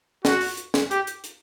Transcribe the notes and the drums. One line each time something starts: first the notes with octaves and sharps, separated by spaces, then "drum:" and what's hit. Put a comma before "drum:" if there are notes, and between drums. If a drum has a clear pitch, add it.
F#4, drum: snare
drum: open hi-hat
drum: hi-hat
drum: snare
G4, drum: hi-hat
drum: hi-hat
drum: hi-hat